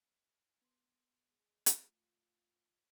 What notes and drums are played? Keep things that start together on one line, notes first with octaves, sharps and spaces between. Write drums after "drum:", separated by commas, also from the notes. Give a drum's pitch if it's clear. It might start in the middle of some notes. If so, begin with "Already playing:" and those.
B3 C6
G#3
drum: hi-hat
A3 F4